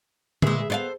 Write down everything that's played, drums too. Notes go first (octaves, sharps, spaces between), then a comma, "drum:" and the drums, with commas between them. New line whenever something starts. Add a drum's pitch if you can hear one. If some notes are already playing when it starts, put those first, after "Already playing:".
A#2 G#3 G#4 B4 E5, drum: tom D3
B3 A4 C5 D5 F5